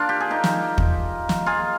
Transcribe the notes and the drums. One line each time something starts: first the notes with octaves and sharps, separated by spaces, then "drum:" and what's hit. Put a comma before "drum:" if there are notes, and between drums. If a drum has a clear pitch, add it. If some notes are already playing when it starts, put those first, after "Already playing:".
Already playing: A#3 D4 F4
G4
G#4
D#4 G4
drum: snare
drum: kick
drum: snare
F4 G#4